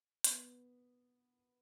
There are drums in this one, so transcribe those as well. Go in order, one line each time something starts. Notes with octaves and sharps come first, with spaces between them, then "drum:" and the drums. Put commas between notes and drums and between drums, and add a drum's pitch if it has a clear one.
B3, drum: hi-hat